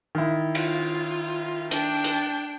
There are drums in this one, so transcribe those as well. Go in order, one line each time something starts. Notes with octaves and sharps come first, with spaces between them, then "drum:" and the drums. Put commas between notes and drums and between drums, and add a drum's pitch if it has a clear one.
D#3 E4
F4, drum: cymbal
D4 G5, drum: hi-hat
drum: hi-hat